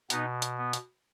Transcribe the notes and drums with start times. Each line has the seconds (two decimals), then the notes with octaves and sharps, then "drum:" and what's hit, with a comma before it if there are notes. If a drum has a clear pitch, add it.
0.10 B2 B3 D#4, drum: hi-hat
0.42 drum: hi-hat
0.58 B3
0.73 drum: hi-hat